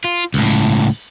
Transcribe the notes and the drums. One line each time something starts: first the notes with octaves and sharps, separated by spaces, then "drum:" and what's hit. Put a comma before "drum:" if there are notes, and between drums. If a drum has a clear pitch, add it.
F4
C#2 A2, drum: cymbal